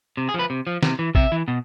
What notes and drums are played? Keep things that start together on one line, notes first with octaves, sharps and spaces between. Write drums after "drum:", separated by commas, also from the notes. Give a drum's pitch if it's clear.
C3
G#4
F3
B4
C3
F3
C3, drum: snare
E3
C3 E5, drum: kick
E3
B2